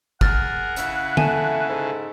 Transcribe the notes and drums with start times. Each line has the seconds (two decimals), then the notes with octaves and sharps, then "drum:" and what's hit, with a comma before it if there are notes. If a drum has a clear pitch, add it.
0.21 G#4 A#4 F#5 F6 A6, drum: kick
0.76 C#3 E4, drum: hi-hat
1.17 A3 G#5 A5, drum: tom D3
1.69 G#2 A4